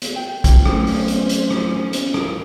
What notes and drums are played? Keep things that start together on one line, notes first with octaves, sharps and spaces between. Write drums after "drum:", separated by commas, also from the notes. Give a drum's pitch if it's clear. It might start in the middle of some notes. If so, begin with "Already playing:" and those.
drum: hi-hat
G5
drum: kick, hi-hat
F#3 A3 C4 C#4 C5, drum: rim click
drum: open hi-hat
drum: hi-hat
drum: hi-hat
drum: rim click
drum: hi-hat
drum: rim click